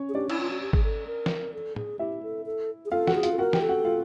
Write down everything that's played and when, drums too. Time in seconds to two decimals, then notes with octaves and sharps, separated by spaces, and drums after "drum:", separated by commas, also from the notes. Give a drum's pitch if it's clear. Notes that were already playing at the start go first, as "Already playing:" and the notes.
Already playing: C#4 C#5
0.09 G#4
0.15 D4 G4 D5
0.29 E4, drum: cymbal
0.40 F4
0.51 F#4
0.61 G4
0.73 G#4, drum: kick G#1
0.84 A4
1.07 A#4
1.26 drum: snare
1.54 A4
1.76 G#4, drum: tom A2
1.99 E4 G4 E5
2.23 A4
2.46 A4
2.85 G#4
2.91 F4 A4 F5
3.07 F#4 F#5, drum: snare
3.15 G#4
3.23 F4 F5, drum: hi-hat
3.32 A4
3.38 F#4 A#4 F#5
3.53 G4 G5, drum: snare
3.61 A4
3.69 F#4 F#5
3.85 F4 F5